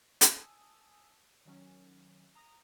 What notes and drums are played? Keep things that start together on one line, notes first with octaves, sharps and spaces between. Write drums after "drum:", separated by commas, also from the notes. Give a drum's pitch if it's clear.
G#5 A5 D#6 E6, drum: hi-hat
D#3 F#3 C#4
A#5 D#6